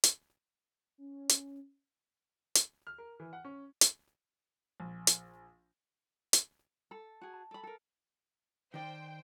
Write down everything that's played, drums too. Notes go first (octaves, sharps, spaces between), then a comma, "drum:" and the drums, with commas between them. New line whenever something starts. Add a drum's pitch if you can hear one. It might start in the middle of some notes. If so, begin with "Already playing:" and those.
drum: hi-hat
C#4
drum: hi-hat
drum: hi-hat
F6
A#4
E3
F#5
C#4
drum: hi-hat
A#1
drum: hi-hat
drum: hi-hat
A4 A5
F#4 G#4
A5
A4 B5
A4 A#4
D#3 C5 D5 G5